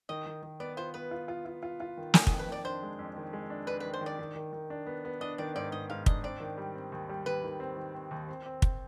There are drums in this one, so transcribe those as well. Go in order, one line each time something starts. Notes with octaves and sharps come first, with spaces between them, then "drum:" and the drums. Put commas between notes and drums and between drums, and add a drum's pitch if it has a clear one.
D#3 D#5
D#3
D#3
B3 D5
F4 C5
B3 B4
F4
F4
F4
F4
F4
D#3
D#3 G#4, drum: snare
G#4, drum: kick
F2
B4
D#3 D5
D4 C5
G#3
F2
D#3
G#3
D4
D4 B4
B4
D#3
C5
D#3
D5
D#3
D#3
D#3
D4
B3
B3
D4 D#5
D#3 D5
G#2 D5
G#2 D#5
G#2 F5
D4 D#5, drum: kick
C4 D5
D#3
G3
C4
D#2
G3
D#2 B4
D#3
C4
D#3
C4
D#2
C4
C4
C4, drum: kick